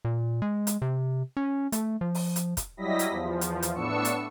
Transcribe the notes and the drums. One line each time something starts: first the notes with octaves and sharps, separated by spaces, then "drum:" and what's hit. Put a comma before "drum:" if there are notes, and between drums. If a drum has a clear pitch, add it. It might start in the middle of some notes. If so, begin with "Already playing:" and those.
A#2
G#3
drum: hi-hat
C3
C#4
A3, drum: hi-hat
F3
drum: open hi-hat
drum: hi-hat
drum: kick, hi-hat
F#3 G3 E4 D#5 A#6 B6
drum: hi-hat
E2 F3
drum: hi-hat
drum: hi-hat
A2 B3 D4 C#6 E6 C#7
drum: hi-hat